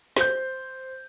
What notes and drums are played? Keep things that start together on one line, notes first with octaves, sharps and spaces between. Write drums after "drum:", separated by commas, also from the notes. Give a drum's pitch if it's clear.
C5 G6, drum: snare